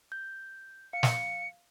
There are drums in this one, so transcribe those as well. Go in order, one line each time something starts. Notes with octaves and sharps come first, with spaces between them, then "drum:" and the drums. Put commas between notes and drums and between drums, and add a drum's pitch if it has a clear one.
G6
F5 C#7
drum: snare